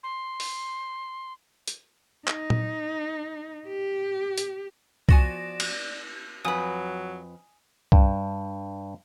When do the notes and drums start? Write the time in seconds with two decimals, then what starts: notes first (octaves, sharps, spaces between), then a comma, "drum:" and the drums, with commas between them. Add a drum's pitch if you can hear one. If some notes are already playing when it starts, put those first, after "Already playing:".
0.03 C6
0.40 drum: open hi-hat
1.68 drum: hi-hat
2.27 D#4, drum: clap
2.50 drum: tom A#2
3.68 G4
4.38 drum: hi-hat
5.09 F3 B3 F#4 D5 G#5 A#6 E7, drum: kick C2
5.60 drum: cymbal
6.45 F2 F#3 B4 G#5 D#6
7.92 G2, drum: kick C2